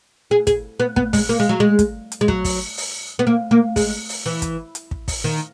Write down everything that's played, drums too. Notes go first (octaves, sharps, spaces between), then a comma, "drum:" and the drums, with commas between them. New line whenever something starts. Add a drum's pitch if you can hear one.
G#4
G#4, drum: kick, hi-hat
B3
B3, drum: kick
G#3, drum: kick, open hi-hat
A#3
G#3
F#3
G#3
drum: kick, hi-hat
drum: hi-hat
G#3
F#3, drum: kick
drum: kick, open hi-hat
drum: open hi-hat
B3
A#3
A#3
G#3, drum: kick, open hi-hat
drum: open hi-hat
E3
drum: kick, hi-hat
drum: hi-hat
drum: kick
drum: kick, open hi-hat
D#3